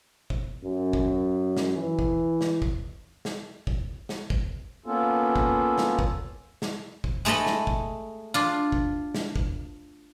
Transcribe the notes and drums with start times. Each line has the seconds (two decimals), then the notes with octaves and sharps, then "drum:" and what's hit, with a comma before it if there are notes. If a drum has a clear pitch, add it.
0.30 drum: kick G1
0.65 F#2
0.93 drum: kick G1
1.57 drum: snare
1.77 E3
1.99 drum: kick G1
2.41 drum: snare
2.62 drum: kick G1
3.25 drum: snare
3.67 drum: kick G1
4.09 drum: snare
4.30 drum: kick G1
4.86 A#3 B3 C#4 F4 A4
5.36 drum: kick G1
5.78 drum: snare
5.99 drum: kick G1
6.62 drum: snare
7.04 drum: kick G1
7.25 G#3 A3 A4 D#5 B5
7.46 drum: snare
7.67 drum: kick G1
8.34 D4 F4
8.72 drum: kick G1
9.15 drum: snare
9.36 drum: kick G1